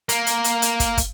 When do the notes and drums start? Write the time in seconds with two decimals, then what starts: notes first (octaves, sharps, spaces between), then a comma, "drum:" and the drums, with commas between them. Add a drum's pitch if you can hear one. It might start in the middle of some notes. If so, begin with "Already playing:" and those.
0.09 A#3, drum: hi-hat
0.27 drum: hi-hat
0.44 drum: hi-hat
0.62 drum: hi-hat
0.80 drum: kick, hi-hat
0.97 drum: kick, hi-hat